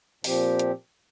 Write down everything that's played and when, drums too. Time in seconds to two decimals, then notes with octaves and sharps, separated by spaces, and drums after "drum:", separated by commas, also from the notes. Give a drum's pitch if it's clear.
0.24 A#2 F3 C4 G4, drum: open hi-hat
0.59 drum: hi-hat